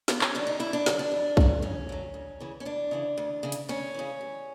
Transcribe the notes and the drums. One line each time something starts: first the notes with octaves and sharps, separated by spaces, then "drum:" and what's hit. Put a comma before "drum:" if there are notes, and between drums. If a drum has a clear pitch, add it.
F2 B3, drum: snare
C#4, drum: clap
D3 F#3 D4
D#4
F2 E4
D4
D3 F#3, drum: snare
D4
F2
D3 F#3, drum: kick B1
F2 C#4
D3 F#3
D2
C#3 E3
C#4
D2 D4
C#3 E3
D2
C#3 E3
drum: hi-hat
D2 C#4
C#3 E3
G2